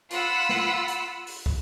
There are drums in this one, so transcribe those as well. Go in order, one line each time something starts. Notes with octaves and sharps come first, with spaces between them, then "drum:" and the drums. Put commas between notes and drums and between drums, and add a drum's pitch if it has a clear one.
F4 F#5 B5 E6, drum: hi-hat
drum: snare
drum: hi-hat
drum: open hi-hat
drum: kick